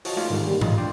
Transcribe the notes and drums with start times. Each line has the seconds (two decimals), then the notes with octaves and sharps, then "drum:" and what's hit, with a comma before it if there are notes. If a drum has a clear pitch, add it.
0.05 F4 F#4 C5 C#5 D#5 A5, drum: open hi-hat
0.16 G#3 A3 D#4 F4 C#5 D5
0.30 G#2 D#3 G3 G#3 D#4
0.47 G3 A#3 G4
0.61 F4 D#5, drum: tom G#2
0.78 D4 D5 G5 C6